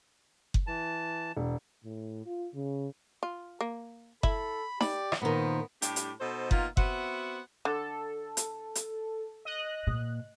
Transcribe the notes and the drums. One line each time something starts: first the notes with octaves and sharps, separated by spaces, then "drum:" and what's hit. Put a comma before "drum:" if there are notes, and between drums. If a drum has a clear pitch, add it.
drum: kick F#1
E3 A5
E1
A2
F4
C#3
F4
A#3
E4 A4 B5, drum: kick F#1
G4 D5 B5, drum: snare D#4
drum: rim click
A#2 D#3 B3 C5
A2 G3 D4 G4, drum: hi-hat
drum: hi-hat
B2 D#4 A4 C5
A#3 B3 D#4 F4, drum: kick F#1
B3 C4 F#4 E5 F#5, drum: kick F#1
D3 A4
drum: hi-hat
drum: hi-hat
D#5 F#6
A#2